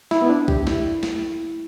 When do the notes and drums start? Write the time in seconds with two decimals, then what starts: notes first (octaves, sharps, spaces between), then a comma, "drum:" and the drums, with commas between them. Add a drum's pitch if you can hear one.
0.11 E4, drum: snare
0.22 B3
0.29 D4
0.48 G4, drum: kick B1
0.67 E4, drum: snare
1.03 drum: snare